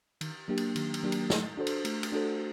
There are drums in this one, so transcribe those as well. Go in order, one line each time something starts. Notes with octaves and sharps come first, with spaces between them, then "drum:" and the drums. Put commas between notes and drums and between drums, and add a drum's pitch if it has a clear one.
D#3, drum: cymbal
F#3 A#3 D4 G4
drum: cymbal
D#3, drum: cymbal
drum: cymbal
F#3 A#3 D4 G4
drum: cymbal
A3, drum: snare
D4 F#4 A4 C5
drum: cymbal
A3, drum: cymbal
drum: cymbal
D4 F#4 A4 C5